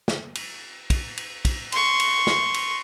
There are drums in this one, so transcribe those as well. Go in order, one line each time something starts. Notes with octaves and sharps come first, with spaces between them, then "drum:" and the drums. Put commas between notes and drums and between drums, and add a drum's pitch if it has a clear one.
drum: snare
drum: cymbal
drum: kick, cymbal
drum: cymbal
drum: kick, cymbal
C6 C#6, drum: cymbal
drum: cymbal
drum: snare
drum: cymbal